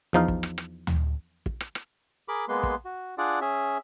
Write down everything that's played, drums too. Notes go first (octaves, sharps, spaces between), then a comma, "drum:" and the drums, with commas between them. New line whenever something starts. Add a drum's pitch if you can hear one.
E2 F3 D#4 F5
drum: kick
drum: rim click
drum: rim click
drum: tom D2
drum: kick
drum: rim click
drum: rim click
G#4 A#4 B5 D6
G#3 A#3 B3 B4 C6
drum: kick
F#4
D4 F4 G#4 D5 F#5
C#4 G#4 E5